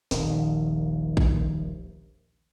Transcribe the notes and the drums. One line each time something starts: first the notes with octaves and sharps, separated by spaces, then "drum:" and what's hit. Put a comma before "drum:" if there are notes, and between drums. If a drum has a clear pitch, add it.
D#1 A#1 D#3, drum: snare
drum: kick A1